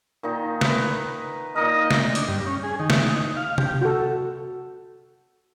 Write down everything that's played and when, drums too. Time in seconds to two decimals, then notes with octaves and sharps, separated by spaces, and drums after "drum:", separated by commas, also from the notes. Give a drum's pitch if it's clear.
0.23 A#2 D#3 D#4
0.61 B4, drum: snare
1.56 A#2 D#4 A#4 D#5
1.91 drum: snare
2.15 D4, drum: hi-hat
2.28 G2
2.46 C#4
2.63 G#4
2.80 D#3
2.90 drum: snare
3.07 D#4
3.36 F5
3.58 G4, drum: tom C3
3.82 F#4 A4